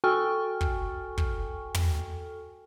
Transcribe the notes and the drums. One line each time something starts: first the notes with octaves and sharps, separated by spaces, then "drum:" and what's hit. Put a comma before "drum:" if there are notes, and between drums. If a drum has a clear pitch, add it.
F#4 A4 G5 G#5 C#6 F6
drum: kick
drum: kick
drum: tom